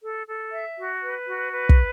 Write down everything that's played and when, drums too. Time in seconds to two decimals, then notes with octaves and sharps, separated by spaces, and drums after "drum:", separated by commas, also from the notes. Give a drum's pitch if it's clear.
0.03 A4
0.27 A4
0.53 E5
0.78 F#4
1.02 B4
1.27 F#4
1.52 B4
1.69 drum: kick